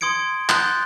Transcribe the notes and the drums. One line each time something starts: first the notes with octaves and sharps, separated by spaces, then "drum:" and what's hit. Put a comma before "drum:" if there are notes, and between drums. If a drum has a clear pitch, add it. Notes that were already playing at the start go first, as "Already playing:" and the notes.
C6 D#6 G#6 C#7 D7
C6 D#6 F#6 G6 A6 G7, drum: clap